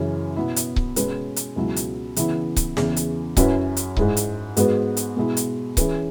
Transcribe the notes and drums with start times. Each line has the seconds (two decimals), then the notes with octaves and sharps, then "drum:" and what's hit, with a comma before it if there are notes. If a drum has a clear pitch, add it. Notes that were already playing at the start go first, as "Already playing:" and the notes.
Already playing: F#2 C#3 E3 C#4
0.36 B2 B3 E4
0.56 drum: hi-hat
0.76 drum: kick C#1
0.96 B2 G#3 C#4 G#4 B4, drum: hi-hat
1.36 drum: hi-hat
1.56 C#2 B2 F#3 E4
1.76 drum: hi-hat
2.16 C#3 E3 B3 E4, drum: hi-hat
2.56 drum: kick C#1, hi-hat
2.77 E2 C#3 E3, drum: snare
2.96 drum: hi-hat
3.37 F#2 F#3 C#4 E4 B4, drum: kick C#1, hi-hat
3.77 drum: hi-hat
3.97 G#2 G#3 E4, drum: kick C#1
4.17 drum: hi-hat
4.57 G#2 G#3 B3 F#4 B4, drum: hi-hat
4.97 drum: hi-hat
5.17 B2 G#3 E4
5.37 drum: hi-hat
5.77 E3 C#4 G#4 B4, drum: kick C#1, hi-hat